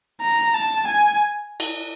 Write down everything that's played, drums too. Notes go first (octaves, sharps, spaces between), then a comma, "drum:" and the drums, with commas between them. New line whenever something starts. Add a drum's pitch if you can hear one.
A#5
A5
G#5
drum: cymbal